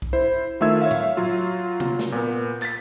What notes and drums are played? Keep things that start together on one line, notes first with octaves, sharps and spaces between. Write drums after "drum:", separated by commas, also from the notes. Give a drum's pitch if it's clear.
drum: kick
E4 C5
D#3 A3 F4 E5 E6 G#6
C#5 E5 F5
drum: tom A2
F#3 F4
drum: tom C3
drum: snare
A#2 B3
A6 B6, drum: clap